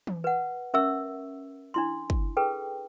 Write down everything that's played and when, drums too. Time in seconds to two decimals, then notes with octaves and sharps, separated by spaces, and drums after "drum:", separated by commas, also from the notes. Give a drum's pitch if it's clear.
0.07 drum: tom E3
0.24 B4 F#5
0.74 C#4 A#4 E5 C#6 E6
1.74 D4 E4 C6
2.10 drum: kick
2.37 G#4 A4 B4 G5